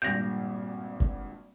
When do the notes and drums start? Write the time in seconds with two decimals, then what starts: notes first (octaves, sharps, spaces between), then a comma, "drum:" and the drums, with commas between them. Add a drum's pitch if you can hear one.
0.02 G#1 G2 A#2 G6 A#6
1.00 drum: kick G1